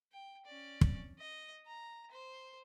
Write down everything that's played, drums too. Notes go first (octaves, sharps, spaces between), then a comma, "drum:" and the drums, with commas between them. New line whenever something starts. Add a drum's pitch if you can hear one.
G5
C#4 D5
drum: kick
D#5
A#5
C5